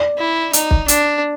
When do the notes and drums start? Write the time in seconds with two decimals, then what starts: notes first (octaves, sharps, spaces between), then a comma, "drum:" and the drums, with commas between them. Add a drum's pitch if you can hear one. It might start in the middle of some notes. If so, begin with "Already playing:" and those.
Already playing: D5
0.18 E4
0.53 D#4, drum: hi-hat
0.71 drum: kick
0.88 D4, drum: hi-hat